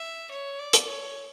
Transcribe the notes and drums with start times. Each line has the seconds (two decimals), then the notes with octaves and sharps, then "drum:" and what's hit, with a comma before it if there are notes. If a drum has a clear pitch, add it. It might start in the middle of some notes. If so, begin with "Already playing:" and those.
Already playing: E5
0.31 C#5
0.59 D5
0.73 drum: hi-hat
0.88 C#5